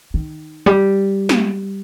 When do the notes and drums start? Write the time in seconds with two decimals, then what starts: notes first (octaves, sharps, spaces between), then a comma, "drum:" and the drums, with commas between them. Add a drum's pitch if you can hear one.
0.14 D#3
0.66 G3
1.29 drum: snare